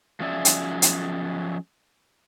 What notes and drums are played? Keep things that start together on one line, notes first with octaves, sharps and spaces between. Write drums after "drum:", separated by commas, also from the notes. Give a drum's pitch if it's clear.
F3 F#3 C#4 G#4 D5 E5
drum: hi-hat
drum: hi-hat